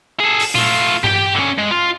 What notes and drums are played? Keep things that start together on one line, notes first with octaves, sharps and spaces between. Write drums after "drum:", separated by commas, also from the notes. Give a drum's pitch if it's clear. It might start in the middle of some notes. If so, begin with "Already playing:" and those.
G#4 A4
drum: open hi-hat
A3 F4, drum: tom A#2
G4 G5, drum: tom G2
D3 C#4
G#3
F4